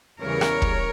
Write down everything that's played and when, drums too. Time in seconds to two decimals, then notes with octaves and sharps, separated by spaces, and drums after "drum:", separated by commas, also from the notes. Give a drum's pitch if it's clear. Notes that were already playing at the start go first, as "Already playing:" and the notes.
0.20 E2 C#3 E3 G3 A#4 C#5
0.41 drum: rim click
0.62 drum: kick